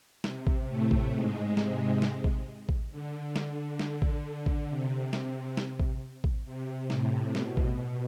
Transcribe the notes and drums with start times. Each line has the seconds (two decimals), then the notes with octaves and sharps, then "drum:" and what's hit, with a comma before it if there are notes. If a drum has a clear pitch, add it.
0.24 C3, drum: snare
0.47 drum: kick A1
0.69 A2 A3
0.91 drum: kick A1
1.14 G#2 G#3
1.57 C3, drum: snare
2.02 drum: snare
2.24 drum: kick A1
2.69 drum: kick A1
2.91 D3
3.36 D3, drum: snare
3.79 D3, drum: snare
4.02 drum: kick A1
4.46 drum: kick A1
4.69 C3
5.13 drum: snare
5.57 drum: snare
5.80 drum: kick A1
6.24 drum: kick A1
6.46 C3
6.90 A2, drum: snare
7.35 B2, drum: snare
7.57 drum: kick A1